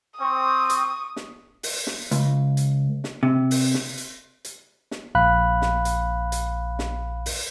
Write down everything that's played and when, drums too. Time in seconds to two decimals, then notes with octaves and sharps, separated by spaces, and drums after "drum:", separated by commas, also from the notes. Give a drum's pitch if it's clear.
0.20 C4 C#6 D#6
0.70 drum: hi-hat
1.16 drum: snare
1.63 drum: open hi-hat
1.87 drum: snare
2.11 C#2, drum: hi-hat
2.57 drum: hi-hat
3.04 drum: snare
3.23 C3
3.51 drum: open hi-hat
3.74 drum: snare
3.98 drum: hi-hat
4.45 drum: hi-hat
4.91 drum: snare
5.15 A#1 F5 B5 F#6
5.62 drum: snare
5.85 drum: hi-hat
6.32 drum: hi-hat
6.79 drum: snare
7.26 drum: open hi-hat